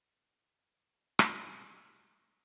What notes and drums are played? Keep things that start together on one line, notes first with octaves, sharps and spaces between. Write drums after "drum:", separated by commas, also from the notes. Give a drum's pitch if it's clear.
B4 G5
G3 F4
drum: rim click
G#4 D5 D#5 F5 A#5